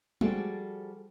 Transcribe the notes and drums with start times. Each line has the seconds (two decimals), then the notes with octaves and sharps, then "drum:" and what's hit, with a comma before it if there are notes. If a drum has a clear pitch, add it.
0.21 F3 G3 F#4 G#4 A4 D5, drum: tom G#3